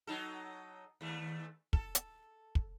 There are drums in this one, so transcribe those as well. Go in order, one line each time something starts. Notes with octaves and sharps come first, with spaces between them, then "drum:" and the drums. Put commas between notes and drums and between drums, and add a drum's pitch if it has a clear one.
F#3 D#4 A4
D#2 A3
A4, drum: kick
drum: hi-hat
drum: kick